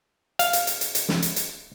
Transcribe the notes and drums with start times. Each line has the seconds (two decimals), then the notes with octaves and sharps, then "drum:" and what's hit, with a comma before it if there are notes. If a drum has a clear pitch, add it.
0.39 F5, drum: hi-hat
0.53 drum: hi-hat
0.67 drum: hi-hat
0.81 drum: hi-hat
0.95 drum: hi-hat
1.09 drum: snare
1.22 drum: hi-hat
1.36 drum: hi-hat